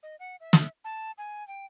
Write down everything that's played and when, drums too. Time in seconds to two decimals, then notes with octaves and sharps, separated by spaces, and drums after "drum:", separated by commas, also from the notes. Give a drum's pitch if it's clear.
0.03 D#5
0.20 F#5
0.40 E5
0.53 drum: snare
0.84 A5
1.18 G#5
1.48 G5